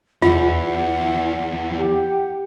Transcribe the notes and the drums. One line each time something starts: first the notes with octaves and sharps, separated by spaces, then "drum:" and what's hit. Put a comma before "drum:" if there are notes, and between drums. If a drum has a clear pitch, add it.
E2 E3 F4 F#5, drum: tom E2
G4